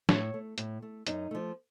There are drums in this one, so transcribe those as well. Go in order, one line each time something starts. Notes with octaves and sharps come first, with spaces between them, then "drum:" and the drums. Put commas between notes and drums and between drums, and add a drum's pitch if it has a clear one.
A2 C#5, drum: snare
A3
A2, drum: hi-hat
A3
F#2 D#4, drum: hi-hat
F3 A3